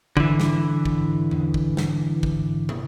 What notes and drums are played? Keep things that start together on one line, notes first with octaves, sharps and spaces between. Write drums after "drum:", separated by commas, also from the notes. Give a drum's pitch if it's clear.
D3 E3, drum: kick
drum: snare
drum: kick
drum: tom E2
drum: kick
drum: snare
drum: kick
drum: tom